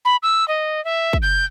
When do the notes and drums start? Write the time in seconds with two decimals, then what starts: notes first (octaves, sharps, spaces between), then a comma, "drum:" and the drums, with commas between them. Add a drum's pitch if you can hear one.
0.05 B5
0.23 E6
0.48 D#5
0.85 E5
1.13 drum: kick
1.22 G6